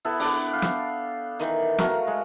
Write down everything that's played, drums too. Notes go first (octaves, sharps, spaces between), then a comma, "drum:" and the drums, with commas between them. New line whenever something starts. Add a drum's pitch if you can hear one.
B3 E4 A4
B3 D4, drum: open hi-hat
F5 G5
drum: snare
D#3 E3, drum: hi-hat
A3 F#4 A#4 F5, drum: snare
G#3 C5